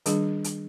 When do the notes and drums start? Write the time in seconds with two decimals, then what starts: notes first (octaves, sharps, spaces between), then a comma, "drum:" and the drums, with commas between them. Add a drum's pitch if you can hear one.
0.06 D#3 G3 D4 G#4, drum: hi-hat
0.44 drum: hi-hat